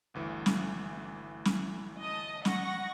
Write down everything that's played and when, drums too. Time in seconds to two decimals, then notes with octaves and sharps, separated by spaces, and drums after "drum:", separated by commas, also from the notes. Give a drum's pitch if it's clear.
0.14 G1 D2 E3
0.46 drum: snare
1.45 drum: snare
2.01 D#5 A5
2.45 F#5 C#6 A#6, drum: snare